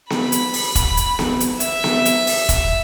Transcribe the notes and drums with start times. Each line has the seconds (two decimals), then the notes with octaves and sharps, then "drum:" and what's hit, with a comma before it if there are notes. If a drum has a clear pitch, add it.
0.10 B5, drum: snare B3
0.32 drum: hi-hat
0.54 drum: open hi-hat
0.75 drum: kick E1, hi-hat
0.97 drum: hi-hat
1.19 drum: snare B3
1.40 drum: hi-hat
1.60 E5, drum: hi-hat
1.84 drum: snare B3
2.05 drum: hi-hat
2.27 drum: open hi-hat
2.49 drum: kick E1, hi-hat